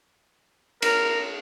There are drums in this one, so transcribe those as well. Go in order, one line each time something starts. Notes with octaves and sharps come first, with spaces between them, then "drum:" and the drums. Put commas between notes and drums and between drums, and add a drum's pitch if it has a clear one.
A#4, drum: cymbal